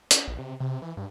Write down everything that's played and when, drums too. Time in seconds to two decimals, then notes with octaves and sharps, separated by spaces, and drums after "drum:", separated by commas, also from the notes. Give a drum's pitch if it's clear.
0.11 C#4, drum: hi-hat
0.27 A#1
0.39 C3
0.60 C3
0.82 E3
0.97 G2